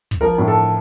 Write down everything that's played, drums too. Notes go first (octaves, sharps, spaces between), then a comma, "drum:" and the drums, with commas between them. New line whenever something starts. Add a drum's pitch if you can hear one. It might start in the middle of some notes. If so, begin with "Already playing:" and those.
drum: kick
F3 A#4
A2
A4